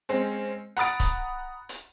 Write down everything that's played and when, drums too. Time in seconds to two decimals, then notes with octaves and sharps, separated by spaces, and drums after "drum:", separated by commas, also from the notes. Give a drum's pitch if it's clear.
0.09 G#3 C4 C#4
0.77 F#5 A#5 B5 D#6 A6 D7, drum: hi-hat
1.00 drum: kick C#1, hi-hat
1.69 drum: hi-hat